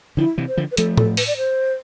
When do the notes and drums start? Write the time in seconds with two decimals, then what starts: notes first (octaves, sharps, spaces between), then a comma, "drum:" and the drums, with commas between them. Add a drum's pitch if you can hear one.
0.17 D3 F3 E4
0.38 C3 E3
0.48 C5
0.57 D3 F3
0.72 B4
0.77 F3 A3 A4, drum: hi-hat
0.97 A4, drum: tom A2
1.17 B4, drum: open hi-hat
1.27 D5
1.37 C5